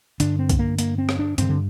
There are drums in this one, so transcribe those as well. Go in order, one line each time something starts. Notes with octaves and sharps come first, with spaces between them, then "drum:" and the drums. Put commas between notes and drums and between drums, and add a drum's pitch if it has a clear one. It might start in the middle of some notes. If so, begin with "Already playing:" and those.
G2 D3 D4, drum: hi-hat
C4
drum: kick B1, hi-hat
A#3
A#3, drum: hi-hat
C4
drum: rim click
D4
G2 D3 C4, drum: hi-hat
D3